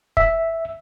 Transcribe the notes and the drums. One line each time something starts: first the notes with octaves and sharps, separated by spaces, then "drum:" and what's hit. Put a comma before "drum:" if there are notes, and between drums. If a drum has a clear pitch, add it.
E5, drum: kick